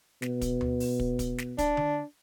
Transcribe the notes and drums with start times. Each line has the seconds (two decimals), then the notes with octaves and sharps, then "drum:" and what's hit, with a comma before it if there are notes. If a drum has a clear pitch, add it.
0.22 B2, drum: snare
0.41 drum: kick, hi-hat
0.61 drum: tom D2
0.80 drum: open hi-hat
1.00 drum: kick
1.19 drum: kick, hi-hat
1.38 drum: snare
1.58 D4, drum: kick, hi-hat
1.77 drum: tom D3